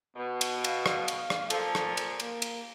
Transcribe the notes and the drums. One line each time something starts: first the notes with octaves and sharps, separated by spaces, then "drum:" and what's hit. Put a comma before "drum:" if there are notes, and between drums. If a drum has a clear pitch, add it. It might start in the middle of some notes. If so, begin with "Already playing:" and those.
B2 B3
drum: cymbal
F5, drum: cymbal
drum: rim click
drum: cymbal
drum: rim click
A#2 F3 A4, drum: cymbal
drum: rim click
drum: cymbal
A#3, drum: cymbal
drum: cymbal